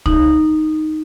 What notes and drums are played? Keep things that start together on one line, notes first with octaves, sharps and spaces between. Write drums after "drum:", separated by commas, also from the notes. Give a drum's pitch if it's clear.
D#4, drum: kick